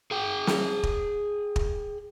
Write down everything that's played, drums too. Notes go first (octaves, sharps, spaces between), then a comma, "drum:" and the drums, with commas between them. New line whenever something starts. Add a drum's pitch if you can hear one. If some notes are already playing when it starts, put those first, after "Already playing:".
G#4 G5
drum: snare
drum: kick
drum: kick